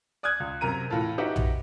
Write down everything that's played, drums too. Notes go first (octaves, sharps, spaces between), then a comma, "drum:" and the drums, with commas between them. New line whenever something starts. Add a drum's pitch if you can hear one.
D5 D#6 F6 F#6 G#6
C#2
F#2 C3 A#4 A#5 D#7
A2 E3 F4 A4
D#4 F#4 G4 B4 E5 F#5
drum: tom A#1